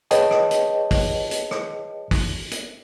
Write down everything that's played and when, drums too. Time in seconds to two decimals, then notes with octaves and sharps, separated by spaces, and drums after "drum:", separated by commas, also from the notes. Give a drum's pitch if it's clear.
0.11 G#4 B4 C#5 D#5 G5 A5, drum: hi-hat
0.31 drum: rim click
0.51 drum: hi-hat
0.91 drum: kick, open hi-hat
1.31 drum: hi-hat
1.51 drum: rim click
2.11 drum: kick, open hi-hat
2.51 drum: hi-hat